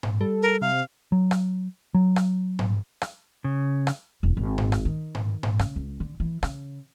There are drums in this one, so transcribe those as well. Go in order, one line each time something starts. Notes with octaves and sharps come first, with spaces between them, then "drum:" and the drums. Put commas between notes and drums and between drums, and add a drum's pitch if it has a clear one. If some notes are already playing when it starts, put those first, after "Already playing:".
drum: tom G#2
G3 A4
A#4
C3 F5
F#3
drum: rim click
F#3
drum: rim click
drum: tom G#2
drum: rim click
C#3
drum: rim click
E1
G#1
drum: tom G#2
drum: rim click
D#3
drum: tom G#2
drum: tom G#2
C#3, drum: rim click
C#2
D3
E3
C#3, drum: rim click